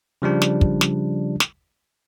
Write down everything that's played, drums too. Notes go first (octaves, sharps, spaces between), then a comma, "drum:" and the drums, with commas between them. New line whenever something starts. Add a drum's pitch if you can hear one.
C#3 F3 G3 D4
drum: snare
drum: kick
drum: snare
drum: snare